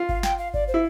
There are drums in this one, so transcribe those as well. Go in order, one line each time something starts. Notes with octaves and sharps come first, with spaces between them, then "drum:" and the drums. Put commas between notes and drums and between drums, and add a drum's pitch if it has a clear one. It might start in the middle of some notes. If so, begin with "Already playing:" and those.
Already playing: F4
F5, drum: kick G1
G5, drum: snare
F5
D5, drum: kick G1
C5
E4